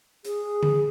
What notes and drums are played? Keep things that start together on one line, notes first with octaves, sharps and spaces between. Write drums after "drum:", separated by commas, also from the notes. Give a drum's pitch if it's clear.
G#4, drum: hi-hat
drum: tom